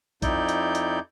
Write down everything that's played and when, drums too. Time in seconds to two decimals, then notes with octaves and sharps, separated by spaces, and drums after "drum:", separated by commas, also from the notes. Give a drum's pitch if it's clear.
0.22 F2 D#4 E4 D5 G6, drum: kick A#1, hi-hat
0.49 drum: hi-hat
0.75 drum: hi-hat